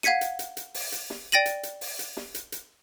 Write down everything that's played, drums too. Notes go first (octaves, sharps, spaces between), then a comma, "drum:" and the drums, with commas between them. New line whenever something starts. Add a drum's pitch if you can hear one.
F5 F#5 G#6 B6 C#7 D#7, drum: snare
drum: hi-hat
drum: hi-hat
drum: hi-hat
drum: open hi-hat
drum: hi-hat
drum: snare
D5 G5 A6 A#6 D#7 F#7
drum: hi-hat
drum: hi-hat
drum: open hi-hat
drum: hi-hat
drum: snare
drum: hi-hat
drum: hi-hat